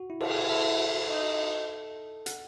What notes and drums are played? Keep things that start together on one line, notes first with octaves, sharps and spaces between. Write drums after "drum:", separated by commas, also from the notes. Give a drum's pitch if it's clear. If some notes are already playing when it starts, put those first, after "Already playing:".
Already playing: F#4
E4
A4, drum: cymbal
G#4
E4 A4
D#4 A4
F#5, drum: hi-hat